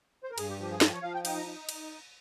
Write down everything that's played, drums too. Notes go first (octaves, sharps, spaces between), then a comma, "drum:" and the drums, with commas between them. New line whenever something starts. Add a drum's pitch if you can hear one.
C5
A#4
G2 G#4, drum: cymbal
G4
F3 G4
G#4
F3 G4, drum: snare
C#5
F3 F5
G5
D#4 G5, drum: cymbal
A#5
D#4
drum: cymbal